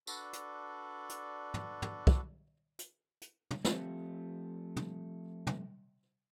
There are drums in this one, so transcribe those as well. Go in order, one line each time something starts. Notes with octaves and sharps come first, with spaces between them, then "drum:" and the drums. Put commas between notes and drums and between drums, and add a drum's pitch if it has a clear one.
D4 F#4 A4 B4 D5, drum: tambourine
drum: hi-hat
drum: hi-hat
drum: tom
drum: tom
drum: kick
drum: hi-hat
drum: hi-hat
drum: tom
F3 A3 C4 G4, drum: snare
drum: tom
drum: tom